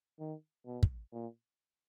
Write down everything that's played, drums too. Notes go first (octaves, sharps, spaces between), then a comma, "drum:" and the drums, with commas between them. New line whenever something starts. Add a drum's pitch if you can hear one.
D#3
B2
drum: kick
A#2